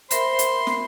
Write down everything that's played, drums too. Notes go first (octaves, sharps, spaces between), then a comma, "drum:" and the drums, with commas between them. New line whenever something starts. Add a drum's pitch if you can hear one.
A#4 C5 E5 B5 C6, drum: hi-hat
drum: hi-hat
drum: snare